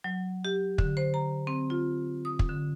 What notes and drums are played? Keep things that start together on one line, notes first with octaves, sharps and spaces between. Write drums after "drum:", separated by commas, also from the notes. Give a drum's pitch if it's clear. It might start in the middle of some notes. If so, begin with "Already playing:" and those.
F#3
G4
D3, drum: kick
C5
A#5
C4
F4
D#6
drum: kick
D3